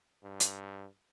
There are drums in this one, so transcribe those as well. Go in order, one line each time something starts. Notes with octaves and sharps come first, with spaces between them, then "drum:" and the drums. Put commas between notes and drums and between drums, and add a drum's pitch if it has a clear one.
G2
drum: hi-hat